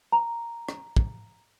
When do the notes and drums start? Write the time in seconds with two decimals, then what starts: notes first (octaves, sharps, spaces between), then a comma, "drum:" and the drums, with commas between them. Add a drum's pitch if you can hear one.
0.12 A#5
0.69 drum: rim click
0.97 drum: kick